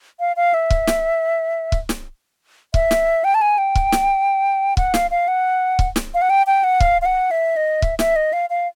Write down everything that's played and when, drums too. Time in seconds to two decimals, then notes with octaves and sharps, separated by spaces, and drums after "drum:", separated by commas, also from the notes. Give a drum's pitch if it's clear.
0.20 F5
0.36 F5
0.54 E5
0.70 drum: kick
0.87 drum: snare
1.72 drum: kick
1.89 drum: snare
2.74 E5, drum: kick
2.91 drum: snare
3.24 G5
3.35 A5
3.42 G#5
3.58 G5
3.75 drum: kick
3.92 drum: snare
4.77 F#5, drum: kick
4.94 F5, drum: snare
5.11 F5
5.28 F#5
5.79 drum: kick
5.96 drum: snare
6.14 F5
6.22 F#5
6.30 G5
6.47 G5
6.64 F#5
6.80 F5, drum: kick
7.02 F5
7.06 F#5
7.31 E5
7.56 D#5
7.82 E5, drum: kick
7.99 E5, drum: snare
8.16 D#5
8.33 F5
8.50 F5